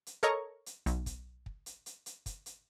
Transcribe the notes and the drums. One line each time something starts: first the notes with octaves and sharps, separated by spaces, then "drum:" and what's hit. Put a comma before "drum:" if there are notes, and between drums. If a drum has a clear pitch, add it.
drum: hi-hat
A4 A#4 C#5 D#5 A#5 C#6
drum: hi-hat
B1, drum: hi-hat
drum: kick, hi-hat
drum: kick
drum: hi-hat
drum: hi-hat
drum: hi-hat
drum: kick, hi-hat
drum: hi-hat